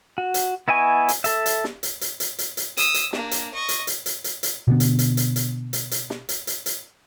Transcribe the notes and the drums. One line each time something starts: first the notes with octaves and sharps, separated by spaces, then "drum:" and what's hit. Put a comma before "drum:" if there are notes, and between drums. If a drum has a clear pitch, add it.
F#4
drum: hi-hat
B3 E4 D#5 G#5 C#6
drum: hi-hat
A4 E5, drum: hi-hat
drum: hi-hat
drum: snare
drum: hi-hat
drum: hi-hat
drum: hi-hat
drum: hi-hat
drum: hi-hat
D#6 E6, drum: hi-hat
drum: hi-hat
A#3 D4, drum: snare
drum: hi-hat
D#5 C#6
drum: hi-hat
drum: hi-hat
drum: hi-hat
drum: hi-hat
drum: hi-hat
B2 D3 B3
drum: hi-hat
drum: hi-hat
drum: hi-hat
drum: hi-hat
drum: hi-hat
drum: hi-hat
drum: snare
drum: hi-hat
drum: hi-hat
drum: hi-hat